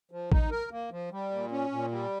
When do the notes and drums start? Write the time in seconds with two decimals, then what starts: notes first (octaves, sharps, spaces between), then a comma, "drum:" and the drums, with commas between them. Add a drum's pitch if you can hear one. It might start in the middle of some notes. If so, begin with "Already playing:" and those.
0.11 F3
0.32 D#4, drum: kick
0.51 A#4
0.71 A#3
0.91 F3
1.11 G3
1.31 A#2
1.51 C#4
1.71 A#2
1.91 G3